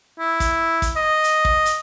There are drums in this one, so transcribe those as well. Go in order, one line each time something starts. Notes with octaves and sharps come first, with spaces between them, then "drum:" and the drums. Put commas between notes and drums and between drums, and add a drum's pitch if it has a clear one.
E4
drum: kick, hi-hat
drum: kick, hi-hat
D#5
drum: hi-hat
drum: kick
drum: hi-hat